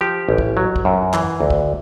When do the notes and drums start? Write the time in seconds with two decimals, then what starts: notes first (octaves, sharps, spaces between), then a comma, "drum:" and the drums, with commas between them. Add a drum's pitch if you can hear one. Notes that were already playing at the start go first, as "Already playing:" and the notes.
0.01 F3 G4
0.29 A1
0.38 drum: kick
0.57 F#3
0.76 drum: kick
0.85 F#2
1.14 E3, drum: clap
1.41 D2
1.50 drum: kick